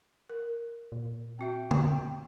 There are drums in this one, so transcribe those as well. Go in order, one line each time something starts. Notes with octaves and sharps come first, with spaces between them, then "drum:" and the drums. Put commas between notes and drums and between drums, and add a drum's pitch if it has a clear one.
A#4
A#2
C4 F#4 E5 G5
drum: tom